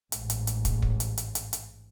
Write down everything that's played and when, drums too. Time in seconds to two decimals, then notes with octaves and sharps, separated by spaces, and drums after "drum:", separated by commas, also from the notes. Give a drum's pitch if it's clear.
0.12 A1 G#2, drum: hi-hat
0.30 drum: hi-hat
0.47 drum: hi-hat
0.65 drum: kick, hi-hat
0.82 drum: kick
1.00 drum: hi-hat
1.18 drum: hi-hat
1.35 drum: hi-hat
1.53 drum: hi-hat